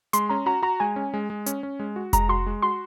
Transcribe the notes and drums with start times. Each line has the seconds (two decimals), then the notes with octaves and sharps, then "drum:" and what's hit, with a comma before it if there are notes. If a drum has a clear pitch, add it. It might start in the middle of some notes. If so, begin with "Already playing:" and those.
0.13 G#3 C6, drum: hi-hat
0.30 C#4 A#5
0.46 F#4 A#5
0.62 F#4 A#5
0.80 G#3 G#5
0.96 C#4
1.14 G#3
1.30 G#3
1.46 C#4, drum: hi-hat
1.63 C#4
1.79 G#3
1.96 F#4
2.13 G#3 A#5, drum: kick F1, hi-hat
2.29 F#4 C6
2.46 G#3
2.62 F#4 C6